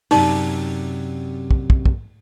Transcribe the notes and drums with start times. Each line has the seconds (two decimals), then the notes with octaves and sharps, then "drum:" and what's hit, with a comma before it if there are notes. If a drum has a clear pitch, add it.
0.11 F#2 C3 D#4 D5, drum: open hi-hat
1.51 drum: kick
1.70 drum: kick
1.85 drum: kick